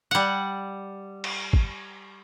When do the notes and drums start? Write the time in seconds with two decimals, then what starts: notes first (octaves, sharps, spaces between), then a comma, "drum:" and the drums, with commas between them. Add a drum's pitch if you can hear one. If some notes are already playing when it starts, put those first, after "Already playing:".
0.11 G3 F#5
1.24 drum: cymbal
1.53 drum: kick